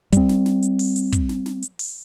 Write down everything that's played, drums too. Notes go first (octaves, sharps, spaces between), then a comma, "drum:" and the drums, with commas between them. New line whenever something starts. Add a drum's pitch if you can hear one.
G3 C4, drum: kick, hi-hat
drum: snare
drum: snare
drum: hi-hat
drum: open hi-hat
drum: hi-hat
drum: kick, hi-hat
drum: snare
drum: snare
drum: hi-hat
drum: open hi-hat